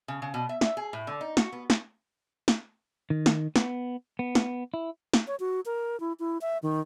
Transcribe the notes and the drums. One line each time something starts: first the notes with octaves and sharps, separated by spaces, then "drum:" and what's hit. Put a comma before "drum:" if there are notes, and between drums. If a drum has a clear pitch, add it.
C#3
C#3
B2
E5
E5, drum: snare
G#4
A2
D3
D#4
F#4, drum: snare
B3
drum: snare
drum: snare
D#3
drum: snare
B3, drum: snare
B3
drum: snare
E4
drum: snare
C#5
F#4
A#4
E4
E4
E5
D#3